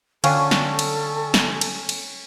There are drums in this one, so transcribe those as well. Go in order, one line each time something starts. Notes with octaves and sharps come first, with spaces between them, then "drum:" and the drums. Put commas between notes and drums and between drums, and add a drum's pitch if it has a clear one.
D3 C#4 F4 A4 F5 G5 G#5, drum: cymbal
drum: snare
drum: cymbal
drum: snare
drum: cymbal
drum: cymbal